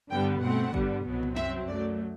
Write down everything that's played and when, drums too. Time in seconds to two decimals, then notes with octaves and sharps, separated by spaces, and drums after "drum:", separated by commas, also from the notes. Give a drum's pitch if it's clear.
0.11 G2 D3 G3 B3 G5
0.43 B2 A3 C4 F#5
0.74 G2 D3 G3 B3, drum: kick G#1
1.05 C2 B2 F#3 B3
1.23 drum: tom
1.36 F#2 F#3 C4 E5, drum: snare
1.68 F#2 F#3 A3 D5